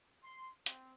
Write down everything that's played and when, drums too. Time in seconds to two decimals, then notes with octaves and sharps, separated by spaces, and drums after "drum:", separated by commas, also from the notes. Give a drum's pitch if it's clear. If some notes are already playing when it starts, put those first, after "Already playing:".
0.23 C6
0.66 C4, drum: hi-hat